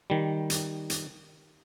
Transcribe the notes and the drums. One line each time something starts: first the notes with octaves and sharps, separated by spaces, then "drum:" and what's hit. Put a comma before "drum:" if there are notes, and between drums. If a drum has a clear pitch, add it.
D#3 G3
drum: hi-hat
drum: hi-hat